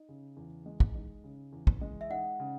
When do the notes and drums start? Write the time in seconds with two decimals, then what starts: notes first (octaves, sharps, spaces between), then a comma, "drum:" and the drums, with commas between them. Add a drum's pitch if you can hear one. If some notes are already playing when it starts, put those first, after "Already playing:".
Already playing: D#4
0.09 C#3
0.37 E2
0.66 G#3
0.80 drum: kick
0.95 D#4
1.24 C#3
1.52 E2
1.67 drum: kick
1.81 G#3
2.01 E5
2.10 D#4 F#5
2.39 C#3